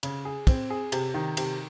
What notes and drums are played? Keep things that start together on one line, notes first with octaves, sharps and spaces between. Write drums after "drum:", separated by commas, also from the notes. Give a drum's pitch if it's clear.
C#3, drum: cymbal
G#4
C4, drum: kick, cymbal
G#4
C3, drum: cymbal
D#3
C3, drum: cymbal